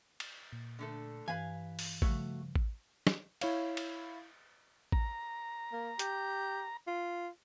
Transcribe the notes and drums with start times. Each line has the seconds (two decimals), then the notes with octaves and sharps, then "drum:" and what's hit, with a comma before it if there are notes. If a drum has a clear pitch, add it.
0.20 drum: cymbal
0.53 A#2
0.79 D3 A3 A4
1.28 G2 E3 B4 F5 G#5
1.79 drum: open hi-hat
2.02 C#3 F3 G3 A3 F#4, drum: kick A1
2.56 drum: kick A1
3.07 drum: snare
3.41 E4 C#5 F5, drum: cymbal
3.77 drum: cymbal
4.92 A#5, drum: kick A1
5.72 A#3
5.99 G4, drum: hi-hat
6.87 F4